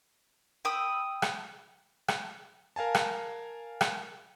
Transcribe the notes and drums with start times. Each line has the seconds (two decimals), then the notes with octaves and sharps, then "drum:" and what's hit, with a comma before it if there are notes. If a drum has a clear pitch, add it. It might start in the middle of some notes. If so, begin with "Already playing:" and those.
0.65 G5 B5 D#6 E6
1.22 drum: rim click
2.08 drum: rim click
2.76 A#4 F5 G#5 A5
2.95 drum: rim click
3.81 drum: rim click